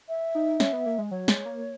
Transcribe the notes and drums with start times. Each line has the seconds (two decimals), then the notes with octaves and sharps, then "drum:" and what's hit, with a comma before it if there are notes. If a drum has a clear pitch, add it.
0.09 E5
0.35 D#4
0.60 C#4, drum: snare
0.73 B3
0.86 A#3
0.98 G#3
1.11 F#3 C#5
1.28 G#3, drum: snare
1.46 A#3